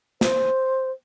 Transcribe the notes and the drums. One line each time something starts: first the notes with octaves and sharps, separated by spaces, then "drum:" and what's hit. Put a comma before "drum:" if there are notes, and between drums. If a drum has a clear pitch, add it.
C5, drum: snare